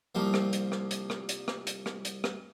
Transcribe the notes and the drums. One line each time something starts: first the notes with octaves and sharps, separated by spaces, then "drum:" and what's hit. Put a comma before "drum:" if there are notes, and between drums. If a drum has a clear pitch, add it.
C2 F3 A#3
drum: rim click
drum: hi-hat
drum: rim click
drum: hi-hat
drum: rim click
drum: hi-hat
drum: rim click
drum: hi-hat
drum: rim click
drum: hi-hat
drum: rim click